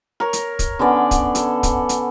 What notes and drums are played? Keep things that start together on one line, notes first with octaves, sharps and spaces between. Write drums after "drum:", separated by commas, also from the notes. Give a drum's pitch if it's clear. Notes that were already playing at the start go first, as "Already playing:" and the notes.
A#4 C#5
drum: hi-hat
drum: kick, hi-hat
D3 B3 C#4 D5
drum: kick, hi-hat
A4, drum: hi-hat
drum: kick, hi-hat
drum: hi-hat